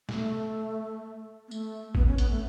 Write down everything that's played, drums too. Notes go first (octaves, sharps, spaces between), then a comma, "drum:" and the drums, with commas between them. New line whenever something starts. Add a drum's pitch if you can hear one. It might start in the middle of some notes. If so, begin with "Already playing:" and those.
A3, drum: snare
B3
A3, drum: tambourine
B3, drum: kick A1
C#4
B3, drum: hi-hat
A3